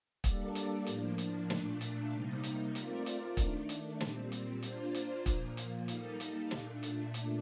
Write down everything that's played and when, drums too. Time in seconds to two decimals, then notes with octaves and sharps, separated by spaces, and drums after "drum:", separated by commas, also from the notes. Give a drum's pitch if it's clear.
0.24 G3 A#3 D4 A4 D5, drum: kick, hi-hat
0.55 drum: hi-hat
0.86 A2 F3 A#3 D4, drum: hi-hat
1.18 drum: hi-hat
1.50 A#2 A3 D4, drum: snare
1.81 drum: hi-hat
2.12 C3 G3 A#3 D#4
2.43 drum: hi-hat
2.75 A3 C4 F4 A#4 D5, drum: hi-hat
3.06 drum: hi-hat
3.37 D#3 A3 D4, drum: kick, hi-hat
3.69 drum: hi-hat
4.00 A#2 G3 C4, drum: snare
4.32 drum: hi-hat
4.62 A#3 D4 F4 C5, drum: hi-hat
4.94 drum: hi-hat
5.26 A#2 F3 A#3, drum: kick, hi-hat
5.57 drum: hi-hat
5.88 G3 A#3 D#4 A4, drum: hi-hat
6.20 drum: hi-hat
6.51 A#2 A3 D4, drum: snare
6.83 drum: hi-hat
7.14 drum: hi-hat